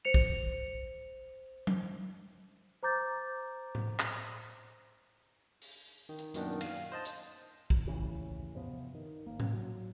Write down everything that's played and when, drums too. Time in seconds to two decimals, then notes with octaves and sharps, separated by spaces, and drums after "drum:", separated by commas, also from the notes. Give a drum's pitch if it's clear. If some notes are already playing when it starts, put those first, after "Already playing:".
0.05 C5 C#7 F7
0.14 drum: kick
1.67 drum: tom
2.83 C5 A#5 D6 G6 A6
3.75 drum: tom A2
3.99 drum: clap
5.61 drum: open hi-hat
6.09 D#3
6.18 drum: hi-hat
6.34 F#2 A#2 D#3 B3 D4, drum: hi-hat
6.61 F5, drum: cymbal
6.92 C5 D#5 A5
7.05 drum: hi-hat
7.70 drum: kick
7.87 D#2 A2 C#3 E3
8.55 G2 C3 F3 B3
8.95 D#3
9.26 G#1 A#3
9.40 drum: tom A2
9.53 F#3